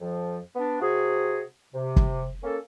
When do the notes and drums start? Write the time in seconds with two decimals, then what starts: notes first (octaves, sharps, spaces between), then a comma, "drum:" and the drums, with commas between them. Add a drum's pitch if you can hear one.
0.01 F2 F3
0.56 B3 D4
0.81 C3 F#4 G#4
1.74 C3
1.96 drum: kick
2.43 A#3 C#4 A4